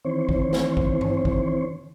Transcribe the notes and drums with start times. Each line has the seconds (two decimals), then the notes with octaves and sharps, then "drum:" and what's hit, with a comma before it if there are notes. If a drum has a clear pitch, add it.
0.05 D#3 E3 C4 C5 C#5
0.29 drum: kick
0.53 drum: snare
0.77 drum: kick
1.01 drum: tom G2
1.25 drum: kick